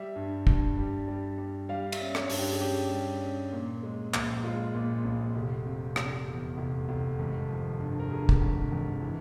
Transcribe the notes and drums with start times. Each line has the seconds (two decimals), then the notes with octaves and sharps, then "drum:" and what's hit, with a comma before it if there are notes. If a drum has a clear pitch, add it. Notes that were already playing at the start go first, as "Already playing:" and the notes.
Already playing: G3 E5
0.16 G2
0.47 G2, drum: kick
0.77 G3
1.08 G3
1.38 G3
1.69 G3 F5
1.92 E5, drum: cymbal
2.00 C#4
2.15 C#5, drum: rim click
2.30 G2, drum: open hi-hat
2.37 G4
2.53 G#4
2.61 C#4 G4
2.91 G3
3.22 C#4
3.52 A#2
3.83 G#3
4.14 A#1, drum: clap
4.43 G#3 F4
4.74 A#2
5.05 A#1
5.35 F1
5.66 C3
5.96 C3, drum: rim click
6.28 E2
6.58 F1
6.89 F1
7.19 G#1
7.50 F3
7.80 G2
8.00 A#4
8.10 G2 G#4
8.29 drum: kick
8.42 G#1
8.72 G#1
9.02 E3